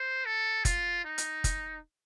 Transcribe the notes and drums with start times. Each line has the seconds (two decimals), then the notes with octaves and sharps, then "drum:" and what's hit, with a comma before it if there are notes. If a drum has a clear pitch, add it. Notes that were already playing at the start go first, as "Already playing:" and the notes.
Already playing: C5
0.25 A4
0.65 F4, drum: kick, hi-hat
1.05 D#4
1.18 drum: hi-hat
1.44 drum: kick, hi-hat